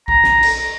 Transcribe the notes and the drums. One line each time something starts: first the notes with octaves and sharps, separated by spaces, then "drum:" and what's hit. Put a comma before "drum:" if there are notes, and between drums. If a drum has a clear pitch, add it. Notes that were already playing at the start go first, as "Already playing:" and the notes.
A#5, drum: kick A#1
drum: snare
drum: cymbal